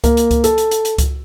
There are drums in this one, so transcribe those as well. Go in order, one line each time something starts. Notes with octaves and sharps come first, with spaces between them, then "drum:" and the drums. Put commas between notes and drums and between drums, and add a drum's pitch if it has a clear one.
A#3, drum: kick C#2, hi-hat
drum: hi-hat
drum: kick C#2, hi-hat
A4, drum: hi-hat
drum: hi-hat
drum: hi-hat
drum: hi-hat
drum: kick C#2, hi-hat